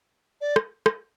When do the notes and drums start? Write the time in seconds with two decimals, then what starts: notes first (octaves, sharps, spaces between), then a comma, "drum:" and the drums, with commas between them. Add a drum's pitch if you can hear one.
0.41 D5
0.56 drum: rim click
0.86 drum: rim click